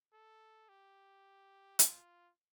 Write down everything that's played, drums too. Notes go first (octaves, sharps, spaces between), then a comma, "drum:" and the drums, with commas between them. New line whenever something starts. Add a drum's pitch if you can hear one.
A4
G4
F4, drum: hi-hat